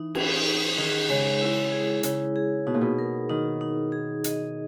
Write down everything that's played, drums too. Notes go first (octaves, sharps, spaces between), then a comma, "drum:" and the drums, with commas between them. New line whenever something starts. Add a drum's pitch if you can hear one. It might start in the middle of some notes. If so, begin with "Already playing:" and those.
Already playing: E3 D#4
G#4, drum: cymbal
D#4
D#3 G#4
C#3 G#3
E4
G#4
C#3 E4, drum: hi-hat
G#4
B2 D#4
A#2
B2
A#4
D#3 D#4
D#4
G#4
D#5, drum: hi-hat